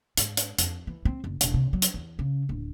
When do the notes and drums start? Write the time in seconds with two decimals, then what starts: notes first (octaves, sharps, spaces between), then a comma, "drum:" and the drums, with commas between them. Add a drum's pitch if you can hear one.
0.17 G#2, drum: hi-hat
0.37 drum: hi-hat
0.58 F2, drum: hi-hat
0.87 E3
1.05 C4
1.24 F#1
1.41 E1, drum: hi-hat
1.54 C3
1.73 F#3
1.82 drum: hi-hat
1.94 E2
2.19 C#3
2.49 D1